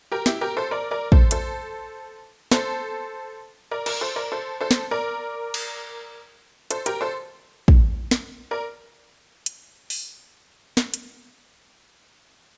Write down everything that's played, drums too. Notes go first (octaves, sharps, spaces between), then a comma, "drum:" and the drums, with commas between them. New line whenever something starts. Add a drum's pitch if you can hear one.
G4 A#4
E4 G4, drum: snare
G4 A#4
A4 C5
A#4 D5
A#4 D5
A4 C5, drum: kick
A4 C5, drum: hi-hat
A4 C5, drum: snare
A#4 D5
A#4 D5, drum: cymbal
A4 C5
A#4 D5
A4 C5
A4 C5
drum: snare
A#4 D5
drum: cymbal
A4 C5, drum: hi-hat
G4 A#4, drum: hi-hat
A4 C5
drum: kick
drum: snare
A#4 D5
drum: hi-hat
drum: open hi-hat
drum: snare
drum: hi-hat